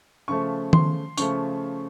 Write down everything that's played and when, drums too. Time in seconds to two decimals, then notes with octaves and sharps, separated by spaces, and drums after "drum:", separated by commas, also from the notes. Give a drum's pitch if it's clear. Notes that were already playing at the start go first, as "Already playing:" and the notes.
0.28 C#3 F3 A3 C#6
0.73 C6, drum: tom D#3
1.17 C#3 F3 A3 C#6, drum: tambourine